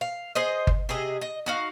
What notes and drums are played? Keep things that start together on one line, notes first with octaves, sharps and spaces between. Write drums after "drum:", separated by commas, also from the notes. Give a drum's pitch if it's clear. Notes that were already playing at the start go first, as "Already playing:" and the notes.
F5
G#4 C5 D#5
drum: kick G1
C3 G#4 D#5
D#5
D#4 F#4 F5